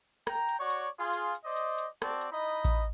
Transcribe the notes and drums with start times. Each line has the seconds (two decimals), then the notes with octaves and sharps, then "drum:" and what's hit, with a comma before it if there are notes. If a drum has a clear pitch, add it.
0.27 G5 A#5, drum: rim click
0.49 drum: hi-hat
0.59 F#4 C#5 D5 C#6
0.70 drum: hi-hat
0.99 F4 G#4
1.13 drum: hi-hat
1.35 drum: hi-hat
1.44 C5 D5 D#5
1.57 drum: hi-hat
1.78 drum: hi-hat
2.02 C4 F#4 D5 A5, drum: rim click
2.21 drum: hi-hat
2.32 D#4 E4 D#5 B5
2.65 drum: kick A1, hi-hat